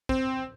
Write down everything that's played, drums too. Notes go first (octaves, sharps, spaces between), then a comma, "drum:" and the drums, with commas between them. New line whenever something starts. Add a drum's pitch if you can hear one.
C4, drum: kick